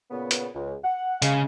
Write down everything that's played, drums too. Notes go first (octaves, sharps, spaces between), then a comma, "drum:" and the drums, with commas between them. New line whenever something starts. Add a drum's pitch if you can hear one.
A#2 C#3 B3
drum: hi-hat
C#2
F#5
C#3 G#3 F5, drum: hi-hat